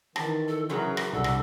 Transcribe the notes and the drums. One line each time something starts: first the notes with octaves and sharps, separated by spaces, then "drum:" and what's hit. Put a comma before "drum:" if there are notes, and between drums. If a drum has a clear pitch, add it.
D#3 E3 A5, drum: rim click
A4
C#3 E3 F#3 G#4 A#4
drum: rim click
C2 G3 D4 A4 F#5
drum: rim click